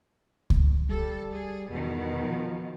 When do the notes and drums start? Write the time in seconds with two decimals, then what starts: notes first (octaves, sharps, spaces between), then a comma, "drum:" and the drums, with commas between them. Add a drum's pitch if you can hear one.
0.50 drum: kick C#2
0.89 G3 A4
1.32 G#4
1.71 E2 B2 D#3
2.24 F3